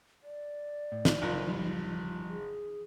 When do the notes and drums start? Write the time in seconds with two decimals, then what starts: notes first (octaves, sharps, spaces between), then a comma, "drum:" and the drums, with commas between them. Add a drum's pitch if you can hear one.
0.23 D5
0.92 A2
1.05 drum: snare
1.22 F#1 D#4 F4 A#4
1.46 F3 G3
2.28 G#4